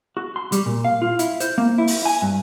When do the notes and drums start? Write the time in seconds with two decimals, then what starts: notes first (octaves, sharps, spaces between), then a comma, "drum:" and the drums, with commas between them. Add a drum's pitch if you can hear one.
0.17 F#4
0.36 C6
0.52 G3, drum: hi-hat
0.66 A#2
0.85 F5
1.02 F4
1.19 E4, drum: hi-hat
1.40 C5, drum: hi-hat
1.58 A#3
1.78 E4
1.87 drum: open hi-hat
2.05 G#5
2.22 G2